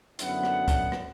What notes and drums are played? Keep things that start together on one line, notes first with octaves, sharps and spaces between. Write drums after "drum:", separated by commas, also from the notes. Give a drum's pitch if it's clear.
F#2 D3 F#3 B3 E4 F#5, drum: hi-hat
drum: rim click
drum: kick C#2, hi-hat
drum: rim click